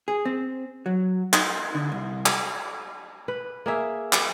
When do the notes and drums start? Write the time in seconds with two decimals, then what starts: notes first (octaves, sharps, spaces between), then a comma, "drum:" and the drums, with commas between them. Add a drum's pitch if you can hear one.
0.08 G#4
0.25 C4
0.86 F#3
1.33 D#4, drum: clap
1.75 D3
1.92 C2
2.26 drum: clap
3.28 B4
3.66 A#3 G#4 E5
4.13 drum: clap